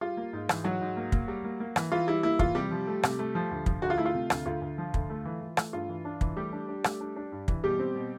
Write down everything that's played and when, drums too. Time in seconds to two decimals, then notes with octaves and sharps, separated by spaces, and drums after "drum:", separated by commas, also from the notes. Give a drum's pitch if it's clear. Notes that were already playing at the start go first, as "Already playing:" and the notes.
0.01 G3 F4
0.17 A#3
0.33 G#2
0.49 E3, drum: rim click
0.64 G#2 F#3 F#4
0.81 G#2
0.97 A#3
1.12 A#3, drum: kick
1.28 G3
1.45 A#3
1.60 A#3
1.76 E3, drum: rim click
1.92 E3 F4
2.07 G3 E4
2.23 A#3 E4
2.39 E3 F4, drum: kick
2.55 C3 G3 G4
2.71 F3
2.87 A3
3.03 C3, drum: rim click
3.19 A3
3.35 F3
3.51 D2
3.66 F3, drum: kick
3.82 D2 F#4
3.90 F4
3.98 A3 E4
4.06 F4
4.14 C3
4.30 D2, drum: rim click
4.46 D2 F4
4.62 D2
4.78 F3
4.94 D2, drum: kick
5.10 A3
5.25 E3
5.41 E3
5.57 A3, drum: rim click
5.73 G2 F4
5.89 E3
6.05 D4
6.21 E3, drum: kick
6.36 G3 A3 G4
6.53 D4
6.69 D4
6.84 A3, drum: rim click
7.00 D4
7.16 D4
7.32 G2
7.48 E3, drum: kick
7.64 B2 G3 G4
7.79 C4
7.96 B2